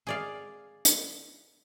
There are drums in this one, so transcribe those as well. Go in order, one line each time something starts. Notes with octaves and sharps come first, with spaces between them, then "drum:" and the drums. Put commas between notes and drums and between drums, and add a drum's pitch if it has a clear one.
G#4 D5 F5
drum: hi-hat